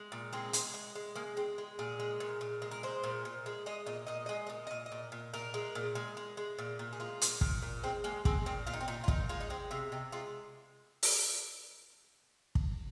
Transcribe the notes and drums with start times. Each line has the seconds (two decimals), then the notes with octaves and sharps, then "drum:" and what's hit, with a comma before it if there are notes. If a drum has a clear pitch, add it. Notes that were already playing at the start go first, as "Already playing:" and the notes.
Already playing: G#3
0.12 A#2
0.33 G#3 C4
0.53 G#3, drum: hi-hat
0.74 G#3
0.95 G#3
1.15 G#3 A#3
1.37 G#3 C4
1.58 G#3
1.79 A#2 G#4
2.00 G#3
2.20 A#2
2.41 A#2
2.62 G#3
2.71 A#4
2.83 G#3 C5
3.04 A#2
3.25 A#2
3.46 G#3
3.66 G#3 D#5
3.86 A#2 D#5
4.07 A#2 D#5
4.26 G#3 D#5
4.47 A#2 D#5
4.67 A#2 D#5
4.86 D#5
4.92 A#2
5.12 A#2
5.34 A#2 A#4
5.54 G#3
5.75 A#2
5.95 G#3
6.17 G#3
6.37 G#3
6.58 A#2
6.79 A#2
6.93 G#4
7.00 G#3 F4
7.21 A#2, drum: hi-hat
7.41 A#2, drum: kick
7.62 A#2
7.83 G#3 C4
8.04 G#3 A#3
8.25 G#3 C4, drum: kick
8.46 A#2 C4
8.67 A#2 F4
8.73 D#4
8.81 C4
8.88 A#2 D#4
9.04 F4
9.08 A#2 D#4, drum: kick
9.29 G#3 F4
9.41 D#4
9.50 G#3 C4
9.71 C3 F4
9.92 C3 D#4
10.12 G#3 F4
11.03 drum: open hi-hat
12.55 drum: kick